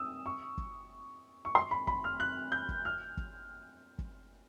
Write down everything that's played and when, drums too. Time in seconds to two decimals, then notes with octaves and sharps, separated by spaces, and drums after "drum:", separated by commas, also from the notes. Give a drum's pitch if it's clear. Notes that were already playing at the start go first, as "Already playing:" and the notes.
Already playing: D#6 E6
0.26 C#6
0.58 drum: kick
1.45 C#6
1.55 C6
1.71 B5
1.87 B5, drum: kick
2.04 F6
2.20 F#6
2.52 G6
2.69 drum: kick
2.85 F6
3.17 drum: kick
3.99 drum: kick